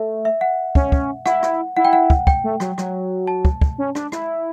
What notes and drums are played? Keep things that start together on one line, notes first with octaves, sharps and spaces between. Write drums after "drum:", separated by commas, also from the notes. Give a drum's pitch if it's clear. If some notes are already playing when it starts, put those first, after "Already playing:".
Already playing: A3 E5
E5
F#5
C#4, drum: kick
drum: kick
E4 F#5, drum: rim click
drum: rim click
E4 F#5
G5
F#5
drum: kick
G5, drum: kick
A3
F#3, drum: rim click
F#3, drum: rim click
A5
drum: kick
drum: kick
C#4
D4, drum: rim click
E4, drum: rim click